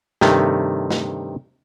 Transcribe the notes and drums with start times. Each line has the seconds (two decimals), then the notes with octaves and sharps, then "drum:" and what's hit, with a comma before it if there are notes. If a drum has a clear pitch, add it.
0.21 G2 C3 D#3 A3, drum: snare
0.91 drum: snare